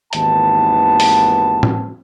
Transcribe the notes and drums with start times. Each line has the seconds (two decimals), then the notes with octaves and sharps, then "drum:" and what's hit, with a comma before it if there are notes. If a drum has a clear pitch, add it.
0.13 G#1 D#2 E3 B3 A5, drum: hi-hat
1.00 drum: open hi-hat
1.63 drum: tom A2